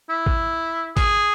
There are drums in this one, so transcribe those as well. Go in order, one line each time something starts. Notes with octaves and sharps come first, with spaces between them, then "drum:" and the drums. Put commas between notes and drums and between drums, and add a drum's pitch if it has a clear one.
E4
drum: kick A1
G#4, drum: kick A1, hi-hat